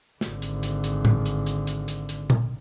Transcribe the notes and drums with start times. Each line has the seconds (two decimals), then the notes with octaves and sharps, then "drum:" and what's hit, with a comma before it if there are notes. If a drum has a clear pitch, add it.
0.21 G#1 D3, drum: snare
0.42 drum: hi-hat
0.63 drum: hi-hat
0.84 drum: hi-hat
1.05 drum: tom A2
1.25 drum: hi-hat
1.46 drum: hi-hat
1.67 drum: hi-hat
1.88 drum: hi-hat
2.09 drum: hi-hat
2.30 drum: tom A#2